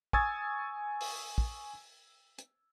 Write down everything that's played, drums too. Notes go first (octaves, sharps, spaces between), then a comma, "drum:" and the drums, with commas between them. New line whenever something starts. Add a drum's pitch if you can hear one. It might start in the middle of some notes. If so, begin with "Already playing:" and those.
G#5 C#6 D#6 E6 G#6 A6, drum: kick
drum: open hi-hat
drum: kick
drum: hi-hat